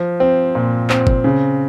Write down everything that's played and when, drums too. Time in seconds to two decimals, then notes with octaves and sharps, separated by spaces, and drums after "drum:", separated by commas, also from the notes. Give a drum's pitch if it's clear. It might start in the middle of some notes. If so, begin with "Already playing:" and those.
Already playing: F3
0.20 C4
0.55 A#2
0.90 C4, drum: clap
1.07 drum: kick G1
1.24 C#3